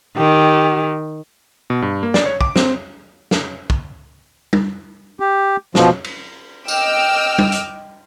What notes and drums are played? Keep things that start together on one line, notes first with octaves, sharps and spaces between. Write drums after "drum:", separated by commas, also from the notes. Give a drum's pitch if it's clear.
D#3 G4
B2
G2
A#3
D5, drum: snare
C#5
D6, drum: kick
C4, drum: snare
drum: snare
drum: kick
drum: tom
G4
B2 F3, drum: snare
drum: cymbal
D#5 G5 D6 E6 F6, drum: tambourine
drum: tom
drum: hi-hat